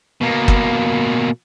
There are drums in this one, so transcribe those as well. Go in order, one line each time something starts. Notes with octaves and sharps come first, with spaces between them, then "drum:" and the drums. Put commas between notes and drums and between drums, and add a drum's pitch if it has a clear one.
B2 A#3
drum: kick